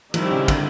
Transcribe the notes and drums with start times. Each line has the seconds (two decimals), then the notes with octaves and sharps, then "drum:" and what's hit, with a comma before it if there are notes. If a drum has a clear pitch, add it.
0.14 D#3 F3 G3 C4 E4 G4, drum: cymbal
0.31 C#3
0.48 D3, drum: kick, cymbal